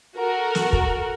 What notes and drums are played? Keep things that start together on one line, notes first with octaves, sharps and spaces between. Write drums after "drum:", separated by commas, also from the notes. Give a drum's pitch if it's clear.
F#4 A4 A#4
drum: snare
drum: kick